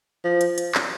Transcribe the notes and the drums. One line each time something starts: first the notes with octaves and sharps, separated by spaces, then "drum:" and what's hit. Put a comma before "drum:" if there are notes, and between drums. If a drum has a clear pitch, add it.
F3
drum: hi-hat
drum: hi-hat
drum: clap